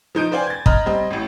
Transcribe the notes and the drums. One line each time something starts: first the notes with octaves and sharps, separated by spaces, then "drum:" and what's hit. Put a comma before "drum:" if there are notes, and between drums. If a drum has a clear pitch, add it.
F3 D#4 G6 D7
B4 C5 D5 F5 G5 G#5
G#6 A6
D#5 A#5 B5 F6, drum: kick
G3 C4 D#5
A1 A2